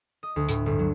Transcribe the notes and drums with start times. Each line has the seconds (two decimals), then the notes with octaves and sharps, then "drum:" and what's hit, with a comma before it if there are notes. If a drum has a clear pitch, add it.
0.23 D#5
0.36 D2
0.49 A2, drum: tambourine
0.66 G1
0.79 F#3